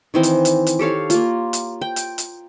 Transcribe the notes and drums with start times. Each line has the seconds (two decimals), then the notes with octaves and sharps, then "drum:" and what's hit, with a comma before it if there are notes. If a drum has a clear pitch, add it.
0.14 D#3 E3 C4
0.23 drum: hi-hat
0.45 drum: hi-hat
0.67 drum: hi-hat
0.79 G4 A4 C#5 F5
1.10 A#3 F4, drum: hi-hat
1.53 drum: hi-hat
1.81 G5
1.96 drum: hi-hat
2.18 drum: hi-hat